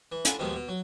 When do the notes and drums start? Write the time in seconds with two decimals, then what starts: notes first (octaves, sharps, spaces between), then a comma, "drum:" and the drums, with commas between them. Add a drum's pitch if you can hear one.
0.12 E3
0.25 D4 E4 F4 A4 F#5 G#5, drum: hi-hat
0.39 D#2 G#2 B2 D#3 F3 G#3
0.55 B2
0.68 F#3